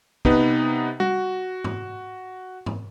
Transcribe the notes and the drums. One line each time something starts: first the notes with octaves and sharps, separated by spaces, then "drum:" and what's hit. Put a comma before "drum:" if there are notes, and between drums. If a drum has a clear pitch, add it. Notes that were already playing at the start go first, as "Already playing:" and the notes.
C3 B3 D#4 B4, drum: kick
F#4, drum: tom G3
drum: tom G#2
drum: tom G#2